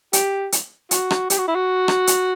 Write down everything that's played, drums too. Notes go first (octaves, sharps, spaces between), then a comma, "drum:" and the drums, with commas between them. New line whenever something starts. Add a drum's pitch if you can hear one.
G4, drum: hi-hat
drum: hi-hat
F#4, drum: hi-hat
drum: rim click
G4, drum: hi-hat
F#4
E4
F#4
drum: rim click
drum: hi-hat